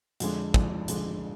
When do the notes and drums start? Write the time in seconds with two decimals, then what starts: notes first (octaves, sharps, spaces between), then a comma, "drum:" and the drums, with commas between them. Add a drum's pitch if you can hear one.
0.20 F2 D3 G#3 D4, drum: hi-hat
0.54 F2 D3 G#3 D4, drum: kick
0.88 F2 D3 G#3 D4, drum: hi-hat